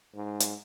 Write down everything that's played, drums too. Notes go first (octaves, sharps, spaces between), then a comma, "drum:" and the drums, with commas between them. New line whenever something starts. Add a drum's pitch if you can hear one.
G#2
drum: hi-hat